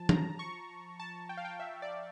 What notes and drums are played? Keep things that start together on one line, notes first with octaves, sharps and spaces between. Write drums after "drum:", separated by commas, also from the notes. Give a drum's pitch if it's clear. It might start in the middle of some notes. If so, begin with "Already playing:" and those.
Already playing: F3 A5
A#5, drum: tom
C#6
A5
G5
F5
G5
E5
D5